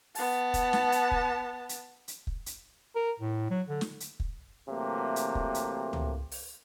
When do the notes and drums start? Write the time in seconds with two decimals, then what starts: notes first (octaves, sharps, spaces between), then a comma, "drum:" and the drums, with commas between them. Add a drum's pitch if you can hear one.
0.15 B3 A5, drum: open hi-hat
0.54 drum: kick, hi-hat
0.73 drum: snare
0.92 drum: hi-hat
1.11 drum: kick
1.69 drum: hi-hat
2.08 drum: hi-hat
2.27 drum: kick
2.46 drum: hi-hat
2.96 A#4
3.20 A2
3.50 F#3
3.69 D3
3.81 drum: snare
4.00 drum: hi-hat
4.20 drum: kick
4.69 C3 E3 F#3 A3 A#3
5.16 drum: hi-hat
5.35 drum: kick
5.54 drum: hi-hat
5.93 drum: tom C#2
6.32 drum: open hi-hat